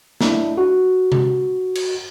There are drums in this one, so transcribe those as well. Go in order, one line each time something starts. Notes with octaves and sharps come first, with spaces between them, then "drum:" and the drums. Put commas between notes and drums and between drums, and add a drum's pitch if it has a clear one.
A3 D4 E4, drum: snare
F#4
drum: tom C3
drum: cymbal